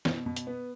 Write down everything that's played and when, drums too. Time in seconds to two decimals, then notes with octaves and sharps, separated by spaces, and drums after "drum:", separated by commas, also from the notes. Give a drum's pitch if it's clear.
0.05 B2, drum: snare
0.26 B2
0.36 drum: hi-hat
0.47 B3